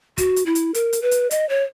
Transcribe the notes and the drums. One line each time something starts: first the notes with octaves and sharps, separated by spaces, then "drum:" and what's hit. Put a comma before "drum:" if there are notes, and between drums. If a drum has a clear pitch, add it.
F#4, drum: kick, hi-hat
drum: hi-hat
E4
drum: hi-hat
A#4, drum: hi-hat
drum: hi-hat
B4
drum: hi-hat
D#5, drum: hi-hat
C#5